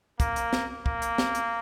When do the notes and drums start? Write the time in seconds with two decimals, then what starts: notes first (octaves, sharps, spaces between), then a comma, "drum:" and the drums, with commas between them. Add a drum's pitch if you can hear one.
0.20 A#3, drum: kick, hi-hat
0.36 drum: hi-hat
0.53 drum: snare
0.86 A#3, drum: kick
1.02 drum: hi-hat
1.18 drum: snare
1.35 drum: hi-hat